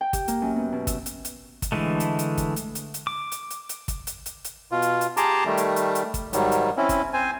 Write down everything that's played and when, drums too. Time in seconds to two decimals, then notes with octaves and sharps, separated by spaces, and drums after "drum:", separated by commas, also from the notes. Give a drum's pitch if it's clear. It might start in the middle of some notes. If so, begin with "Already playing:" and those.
0.01 G5
0.13 G4, drum: kick, hi-hat
0.28 A#3, drum: hi-hat
0.42 F#2
0.56 B3
0.72 B2
0.87 E6, drum: kick, hi-hat
1.06 drum: hi-hat
1.25 drum: hi-hat
1.62 drum: kick, hi-hat
1.72 D3 E3 G#3 A3
2.00 drum: hi-hat
2.19 drum: hi-hat
2.37 drum: kick, hi-hat
2.56 drum: hi-hat
2.75 drum: hi-hat
2.94 drum: hi-hat
3.07 D6
3.32 drum: hi-hat
3.50 drum: hi-hat
3.69 drum: hi-hat
3.88 drum: kick, hi-hat
4.07 drum: hi-hat
4.26 drum: hi-hat
4.44 drum: hi-hat
4.72 B2 F4
4.82 drum: hi-hat
5.01 drum: hi-hat
5.17 G4 G#4 A5 A#5 C6 D6, drum: hi-hat
5.45 D#3 G3 A3
5.57 drum: hi-hat
5.76 drum: hi-hat
5.95 drum: hi-hat
6.14 drum: kick, hi-hat
6.33 G#2 D#3 F#3 G3, drum: hi-hat
6.51 drum: hi-hat
6.77 C4 C#4 E4
6.89 drum: kick, hi-hat
7.13 C4 C5 G#5